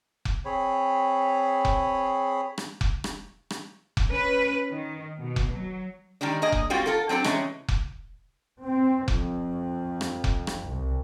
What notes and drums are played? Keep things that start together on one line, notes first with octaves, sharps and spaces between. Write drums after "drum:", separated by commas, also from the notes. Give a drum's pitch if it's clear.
drum: kick F1
C4 G#4 C#5 B5
drum: kick F1
drum: rim click
drum: kick F1
drum: rim click
drum: rim click
drum: kick F1
C#4 B4
D#3
B2
drum: kick F1
F#3
D#3 G3 G#3 D4
A#3 G#4 D#5
drum: kick F1
G3 G#3 C4 F4 F#4
F4 A4 A#4
F#3 C4 D4 A4
C3 E3 G#3 A3 C#4, drum: rim click
drum: kick F1
C4
F2, drum: kick F1
drum: rim click
drum: kick F1
drum: rim click
C2